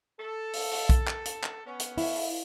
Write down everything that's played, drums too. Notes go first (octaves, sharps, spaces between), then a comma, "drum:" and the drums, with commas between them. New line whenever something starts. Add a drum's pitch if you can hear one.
A4
drum: open hi-hat
drum: open hi-hat
drum: kick B1, hi-hat
drum: clap
drum: hi-hat
drum: clap
B3 C#4
drum: hi-hat
E4, drum: open hi-hat
drum: open hi-hat